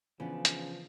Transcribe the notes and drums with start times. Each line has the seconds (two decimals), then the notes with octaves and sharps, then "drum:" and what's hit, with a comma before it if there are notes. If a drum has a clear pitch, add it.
0.20 C#3 E3 F3 B3 D4
0.45 drum: hi-hat